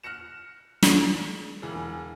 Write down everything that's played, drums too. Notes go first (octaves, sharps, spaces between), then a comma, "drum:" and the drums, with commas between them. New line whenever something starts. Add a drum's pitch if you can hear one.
F6 F#6 A#6 C#7 E7
drum: snare
E1 E3 G#4